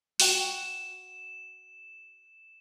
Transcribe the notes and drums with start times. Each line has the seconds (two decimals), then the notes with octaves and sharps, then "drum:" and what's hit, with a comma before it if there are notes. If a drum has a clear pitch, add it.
0.20 F#4 G5 E7, drum: open hi-hat